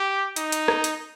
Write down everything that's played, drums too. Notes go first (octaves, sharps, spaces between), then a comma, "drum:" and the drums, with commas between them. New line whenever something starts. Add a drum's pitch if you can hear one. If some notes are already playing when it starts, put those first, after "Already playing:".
Already playing: G4
D#4, drum: hi-hat
drum: hi-hat
drum: rim click
drum: hi-hat